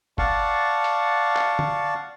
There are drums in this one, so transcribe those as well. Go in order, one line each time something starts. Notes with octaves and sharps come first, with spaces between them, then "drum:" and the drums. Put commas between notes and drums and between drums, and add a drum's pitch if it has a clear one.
D5 F5 F#5 A5 C#6, drum: kick
drum: hi-hat
drum: clap
drum: tom